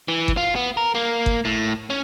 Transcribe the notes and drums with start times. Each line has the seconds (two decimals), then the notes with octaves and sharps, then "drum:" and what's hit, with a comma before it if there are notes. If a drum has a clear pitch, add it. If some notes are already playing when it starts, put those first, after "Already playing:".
0.08 E3
0.28 drum: kick G1
0.37 F4
0.56 B3
0.77 A#4
0.95 A#3
1.26 drum: kick G1
1.45 A2
1.90 C#4